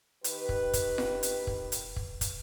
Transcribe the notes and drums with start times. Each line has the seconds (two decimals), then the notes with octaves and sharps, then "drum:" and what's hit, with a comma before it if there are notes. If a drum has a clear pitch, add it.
0.24 D#3 G4 B4, drum: hi-hat
0.49 drum: kick
0.73 drum: kick, hi-hat
0.98 drum: snare F4
1.23 drum: hi-hat
1.47 drum: kick
1.72 drum: hi-hat
1.96 drum: kick
2.21 drum: kick, hi-hat